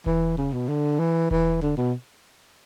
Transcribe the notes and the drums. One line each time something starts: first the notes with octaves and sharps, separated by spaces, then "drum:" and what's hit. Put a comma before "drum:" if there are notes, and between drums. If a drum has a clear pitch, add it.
E3, drum: kick E1
C#3
B2
D3
E3
E3, drum: kick E1
D3
B2